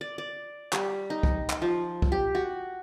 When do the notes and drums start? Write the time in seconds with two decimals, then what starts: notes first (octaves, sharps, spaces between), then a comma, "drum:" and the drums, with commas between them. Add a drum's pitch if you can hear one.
0.01 D5
0.18 D5
0.73 G3, drum: clap
1.10 D#4
1.23 drum: kick
1.50 drum: clap
1.62 F3
2.02 drum: kick
2.12 G4
2.35 F#4